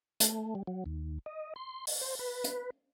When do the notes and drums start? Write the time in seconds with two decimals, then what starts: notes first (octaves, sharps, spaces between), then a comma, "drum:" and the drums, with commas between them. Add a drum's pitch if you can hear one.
0.20 A3, drum: hi-hat
0.55 G3
0.67 F#3
0.86 D#2
1.26 D#5
1.56 C6
1.87 drum: open hi-hat
2.01 C5
2.19 B4
2.44 drum: hi-hat